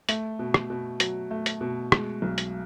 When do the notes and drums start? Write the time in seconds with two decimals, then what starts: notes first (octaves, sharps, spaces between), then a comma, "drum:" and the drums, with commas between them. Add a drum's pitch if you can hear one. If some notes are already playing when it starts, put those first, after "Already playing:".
0.09 A3, drum: hi-hat
0.39 B2
0.54 drum: rim click
0.70 B2
1.00 F#3, drum: hi-hat
1.31 A3
1.46 drum: hi-hat
1.61 B2
1.92 G#3, drum: rim click
2.22 B1
2.38 drum: hi-hat